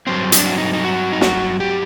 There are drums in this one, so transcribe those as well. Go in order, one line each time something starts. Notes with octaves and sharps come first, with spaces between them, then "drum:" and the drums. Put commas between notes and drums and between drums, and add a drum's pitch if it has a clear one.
G2 F#3 C4 C5
D4, drum: hi-hat
F#4
D#4
D#4
F#4
D#4
F#4, drum: snare
G4